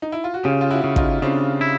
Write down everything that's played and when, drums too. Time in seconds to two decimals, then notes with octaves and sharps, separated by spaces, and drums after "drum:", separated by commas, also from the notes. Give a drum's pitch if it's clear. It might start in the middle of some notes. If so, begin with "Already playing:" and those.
0.02 D#4
0.12 E4
0.24 F4
0.34 F#4
0.44 C#3 F4 G4
0.61 F4
0.71 E4 F#4
0.84 C#3
0.96 D#4 F4, drum: kick
1.22 C#3 C4 D4
1.61 E4